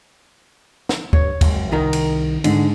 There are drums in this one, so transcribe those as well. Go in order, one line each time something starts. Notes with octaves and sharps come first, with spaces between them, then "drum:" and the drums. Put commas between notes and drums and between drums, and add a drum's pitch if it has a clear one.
drum: snare
G2 C#5, drum: kick
F#1 F2 G#3, drum: kick, cymbal
C2 D#3 D#4 A#4
drum: cymbal
G#2 D3, drum: cymbal